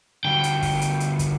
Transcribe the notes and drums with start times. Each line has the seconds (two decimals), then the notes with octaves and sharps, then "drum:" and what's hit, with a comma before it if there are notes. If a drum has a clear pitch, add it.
0.25 D3 G3 F#4 G5
0.44 drum: hi-hat
0.62 drum: kick, open hi-hat
0.81 drum: hi-hat
1.00 drum: hi-hat
1.19 drum: kick, hi-hat